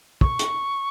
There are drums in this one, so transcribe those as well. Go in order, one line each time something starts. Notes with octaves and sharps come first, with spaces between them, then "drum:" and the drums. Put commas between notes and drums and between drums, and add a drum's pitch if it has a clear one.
C#6, drum: kick
drum: hi-hat